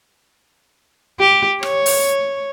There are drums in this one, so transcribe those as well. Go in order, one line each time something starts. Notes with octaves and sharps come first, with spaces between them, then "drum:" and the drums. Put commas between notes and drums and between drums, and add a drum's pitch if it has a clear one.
G4
C#5, drum: rim click
drum: open hi-hat